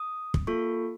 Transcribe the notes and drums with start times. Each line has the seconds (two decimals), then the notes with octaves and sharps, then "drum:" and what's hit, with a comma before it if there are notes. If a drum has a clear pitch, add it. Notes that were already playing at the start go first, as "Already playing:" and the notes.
Already playing: D#6
0.34 drum: kick
0.47 A#3 F4 A4 C#6